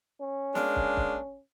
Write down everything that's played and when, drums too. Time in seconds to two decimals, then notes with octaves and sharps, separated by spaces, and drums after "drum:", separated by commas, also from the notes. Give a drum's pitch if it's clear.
0.20 C#4
0.55 G#3 A#3 D4, drum: snare
0.76 drum: kick
0.97 drum: kick